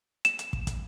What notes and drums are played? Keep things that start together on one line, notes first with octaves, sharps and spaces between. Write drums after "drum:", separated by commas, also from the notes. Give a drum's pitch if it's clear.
E7, drum: hi-hat
drum: hi-hat
drum: kick
drum: kick, hi-hat